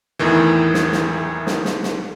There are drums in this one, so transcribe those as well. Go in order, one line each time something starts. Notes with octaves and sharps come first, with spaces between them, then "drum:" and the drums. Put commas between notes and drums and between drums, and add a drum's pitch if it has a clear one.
E2 A2 D#3 E3
drum: snare
drum: snare
drum: snare
drum: snare
drum: snare